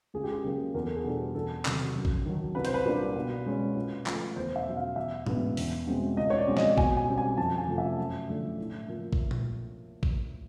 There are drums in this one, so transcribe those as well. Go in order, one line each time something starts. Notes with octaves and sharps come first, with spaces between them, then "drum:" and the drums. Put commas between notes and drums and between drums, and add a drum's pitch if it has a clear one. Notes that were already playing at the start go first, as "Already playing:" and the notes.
C#2 G#4
G4
G#4
C#3 F#3 A#3
E2 A#4
A4
G#4
B2 G3 B3 D4 A4
E2 A4
C3 D#3 F#3, drum: clap
F#2
drum: kick A#1
D#3 F#3
C2 B4
C5, drum: hi-hat
B4
A#2 G3 A#3 D4
B2
G#3 C#4
A#2
F3 A3, drum: clap
E2 C5
E5
B2 F#3
F5
E2 E5
B2 G#3 B3 D4, drum: tom G#2
E2, drum: open hi-hat
B2 G#3 C4
C#2 D#5
C#5
D5
B2 G#3 C4
D#5, drum: snare
B2 G#5, drum: kick A#1
G#5
G3 C4
G#5
F2 A5
G#5
C3 F3 A3
E5
F#2
D3 F3 A3 D4
A2
F3 A#3
drum: kick A#1
drum: tom A#2
drum: kick A#1